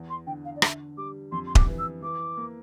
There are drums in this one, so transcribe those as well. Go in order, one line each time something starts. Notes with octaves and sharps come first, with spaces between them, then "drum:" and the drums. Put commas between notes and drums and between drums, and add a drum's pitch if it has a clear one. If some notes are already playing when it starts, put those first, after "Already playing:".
Already playing: E2
C6
D3 G5
F5
D5
D3 E5, drum: rim click
G3 D6
F2 C6
C6
D6, drum: kick D#1
E3
E6
E3 D6
A#3